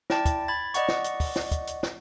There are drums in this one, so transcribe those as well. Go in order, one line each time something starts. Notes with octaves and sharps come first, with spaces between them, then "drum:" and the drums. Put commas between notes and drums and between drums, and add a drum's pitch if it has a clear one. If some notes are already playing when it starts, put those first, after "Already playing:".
E4 D5 G5 A5 A6, drum: snare
drum: kick, hi-hat
B5 G#6 A6
D5 D#5 F#5 C#6, drum: hi-hat
drum: snare
drum: hi-hat
drum: kick, open hi-hat
drum: snare
drum: kick, hi-hat
drum: hi-hat
drum: snare